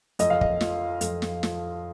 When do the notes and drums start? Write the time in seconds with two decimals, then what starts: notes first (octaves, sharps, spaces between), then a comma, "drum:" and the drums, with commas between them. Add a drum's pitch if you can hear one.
0.19 F2 D#5, drum: hi-hat
0.30 F5
0.41 D#5, drum: kick
0.61 F3, drum: snare
1.01 F2, drum: hi-hat
1.22 drum: snare
1.43 F3, drum: snare